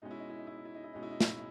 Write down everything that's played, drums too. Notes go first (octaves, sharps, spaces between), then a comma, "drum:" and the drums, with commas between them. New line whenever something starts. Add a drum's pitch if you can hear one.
B2 G#3 C#4 D#4
E4
D#4
E4
D#4
E4
D#4
E4
D#4
E4
B2 G#3 C#4 D#4
E4
D#4
E4, drum: snare
D#4